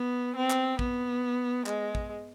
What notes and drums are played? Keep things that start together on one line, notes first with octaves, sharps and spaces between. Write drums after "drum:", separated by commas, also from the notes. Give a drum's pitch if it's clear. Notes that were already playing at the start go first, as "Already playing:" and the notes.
Already playing: B3
C4
drum: clap
B3, drum: kick
G#3, drum: clap
drum: kick